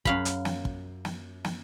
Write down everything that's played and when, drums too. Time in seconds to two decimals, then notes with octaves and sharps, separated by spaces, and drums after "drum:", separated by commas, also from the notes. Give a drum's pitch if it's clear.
0.05 F#2 F5 B5, drum: kick
0.25 drum: hi-hat
0.45 drum: snare
0.65 drum: kick
1.05 drum: snare
1.45 drum: snare